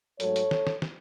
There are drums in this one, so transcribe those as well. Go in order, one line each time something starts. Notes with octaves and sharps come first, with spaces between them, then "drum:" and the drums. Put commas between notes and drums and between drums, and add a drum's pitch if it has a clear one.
G#2 F#3 A3 A4 C#5, drum: hi-hat
drum: hi-hat
drum: snare
drum: snare
drum: snare